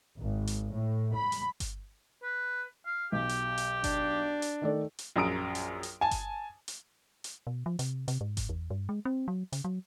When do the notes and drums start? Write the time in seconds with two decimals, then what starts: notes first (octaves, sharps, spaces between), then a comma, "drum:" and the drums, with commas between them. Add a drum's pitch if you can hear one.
0.19 G#1
0.47 drum: hi-hat
0.72 A2
1.13 B5
1.32 drum: hi-hat
1.60 drum: kick G1, hi-hat
2.23 B4
2.86 F5
3.12 B1 G4
3.29 drum: hi-hat
3.58 drum: hi-hat
3.84 D4, drum: kick G1, hi-hat
4.42 drum: hi-hat
4.62 D#3 A3 D5
4.99 drum: hi-hat
5.16 A#1 F#2 A#5 D#6 D7
5.55 drum: hi-hat
5.83 drum: hi-hat
6.01 G#5 A5
6.11 drum: kick G1, hi-hat
6.68 drum: hi-hat
7.24 drum: hi-hat
7.47 B2
7.66 F3
7.79 C3, drum: hi-hat
8.08 C3, drum: hi-hat
8.21 G#2
8.37 drum: kick G1, hi-hat
8.49 E2
8.70 G2
8.89 G#3
9.05 C4
9.28 F#3
9.53 C#3, drum: hi-hat
9.64 F#3